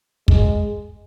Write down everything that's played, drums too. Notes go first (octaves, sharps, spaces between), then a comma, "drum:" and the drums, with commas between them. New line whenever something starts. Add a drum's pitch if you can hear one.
G#3, drum: kick